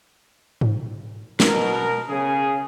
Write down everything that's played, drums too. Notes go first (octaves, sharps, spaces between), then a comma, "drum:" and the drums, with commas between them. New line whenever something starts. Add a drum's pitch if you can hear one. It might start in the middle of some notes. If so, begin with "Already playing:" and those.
drum: tom G#2
B2 A#4, drum: snare
C#3 G#4